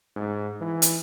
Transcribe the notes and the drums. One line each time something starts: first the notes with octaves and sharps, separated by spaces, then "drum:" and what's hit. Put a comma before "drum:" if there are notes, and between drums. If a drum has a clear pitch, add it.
G#2
E3
drum: hi-hat